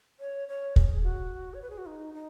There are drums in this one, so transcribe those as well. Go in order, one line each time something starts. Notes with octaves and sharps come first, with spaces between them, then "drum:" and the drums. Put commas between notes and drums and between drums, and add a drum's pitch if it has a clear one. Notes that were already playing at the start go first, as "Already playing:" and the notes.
C#5
C#5
G#4, drum: kick
F#4
C#5
B4
G#4
F#4
D#4
D#4